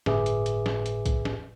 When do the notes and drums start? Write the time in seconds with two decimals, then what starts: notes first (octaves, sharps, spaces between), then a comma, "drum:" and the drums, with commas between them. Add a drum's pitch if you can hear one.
0.06 G1 A2 G#4 B4 E5 D6, drum: snare
0.26 drum: hi-hat
0.46 drum: hi-hat
0.66 drum: snare
0.86 drum: hi-hat
1.06 drum: kick, hi-hat
1.25 drum: snare